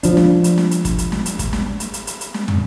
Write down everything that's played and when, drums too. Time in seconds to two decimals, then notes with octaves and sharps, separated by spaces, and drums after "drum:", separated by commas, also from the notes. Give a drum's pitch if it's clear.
0.03 F3 D4, drum: hi-hat
0.17 drum: snare
0.44 drum: hi-hat
0.58 drum: snare
0.71 drum: hi-hat
0.85 drum: kick, hi-hat
0.98 drum: hi-hat
1.12 drum: snare
1.26 drum: hi-hat
1.39 drum: kick, hi-hat
1.53 drum: snare
1.80 drum: hi-hat
1.94 drum: hi-hat
2.07 drum: hi-hat
2.21 drum: hi-hat
2.34 drum: snare
2.48 drum: tom